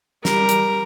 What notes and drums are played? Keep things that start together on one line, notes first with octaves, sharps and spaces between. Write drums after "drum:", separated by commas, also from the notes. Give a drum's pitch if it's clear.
G3 A#4, drum: snare
drum: hi-hat